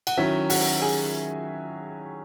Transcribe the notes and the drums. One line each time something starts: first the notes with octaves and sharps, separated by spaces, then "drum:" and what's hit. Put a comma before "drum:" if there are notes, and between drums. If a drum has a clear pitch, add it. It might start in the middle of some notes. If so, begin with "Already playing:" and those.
F#5, drum: cymbal
D#3 F#3 C#4 E4 E5
F#4 F#5, drum: open hi-hat
G#4 G#5